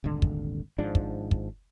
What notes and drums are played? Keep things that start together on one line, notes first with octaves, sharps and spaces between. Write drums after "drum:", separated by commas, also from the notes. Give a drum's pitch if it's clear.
D#1 G#1 D3
drum: kick
G#1 G#2 F3 D4
drum: kick
drum: kick